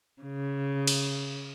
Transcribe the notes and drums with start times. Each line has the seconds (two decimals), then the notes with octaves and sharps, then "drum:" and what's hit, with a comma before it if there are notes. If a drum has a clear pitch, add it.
0.22 C#3
0.87 drum: cymbal